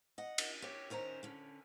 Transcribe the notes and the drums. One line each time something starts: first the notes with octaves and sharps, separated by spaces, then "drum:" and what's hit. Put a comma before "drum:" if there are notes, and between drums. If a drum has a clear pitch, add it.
D#5 F#5
drum: cymbal
G4 C#5
D#3 C#4 C5 A#5
D3 C#4